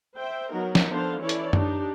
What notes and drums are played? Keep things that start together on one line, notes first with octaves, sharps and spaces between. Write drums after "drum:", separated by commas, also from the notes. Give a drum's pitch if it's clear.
C5 E5 G5
F#3 B3 D#4 A#4
drum: snare
F3 B3 D4 A4 C5 F5
E3 C#4 E4 A4 C#5 D5
drum: hi-hat
D4 D#4 G4, drum: tom F#2